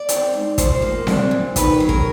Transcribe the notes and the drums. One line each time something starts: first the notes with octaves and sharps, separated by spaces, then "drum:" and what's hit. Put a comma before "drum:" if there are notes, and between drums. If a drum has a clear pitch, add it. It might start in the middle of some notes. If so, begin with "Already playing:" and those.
Already playing: D5
C4, drum: hi-hat
G#2
F3 C5, drum: kick, hi-hat
A#3
D4, drum: snare C4
A#2
D#3 B4, drum: kick, hi-hat
F#3
A#4, drum: kick